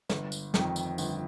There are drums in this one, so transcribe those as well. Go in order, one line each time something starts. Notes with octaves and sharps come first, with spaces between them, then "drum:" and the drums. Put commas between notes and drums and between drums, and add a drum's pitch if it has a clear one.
G1, drum: snare
drum: tambourine
F2 D#3, drum: snare
drum: tambourine
G1, drum: tambourine